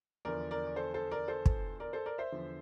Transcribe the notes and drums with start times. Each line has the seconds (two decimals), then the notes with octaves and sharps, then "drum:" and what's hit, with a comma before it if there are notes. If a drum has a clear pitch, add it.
0.25 E2 D3 F3 A#4 D5
0.51 A#4 D5
0.67 D5
0.76 A4 C5
0.94 A4 C5
1.11 A#4 D5
1.28 A4 C5
1.46 drum: kick
1.80 A#4 D5
1.93 A4 C5
2.06 A#4 D5
2.18 C5 E5
2.32 E2 D3 F3